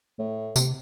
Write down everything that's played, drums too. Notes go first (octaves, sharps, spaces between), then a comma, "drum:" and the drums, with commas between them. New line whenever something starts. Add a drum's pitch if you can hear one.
A2
C3, drum: tambourine